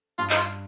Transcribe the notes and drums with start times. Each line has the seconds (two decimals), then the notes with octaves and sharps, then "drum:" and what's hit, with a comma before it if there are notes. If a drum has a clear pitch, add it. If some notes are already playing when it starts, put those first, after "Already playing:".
0.18 G2 F4
0.30 D#4, drum: clap
0.37 F4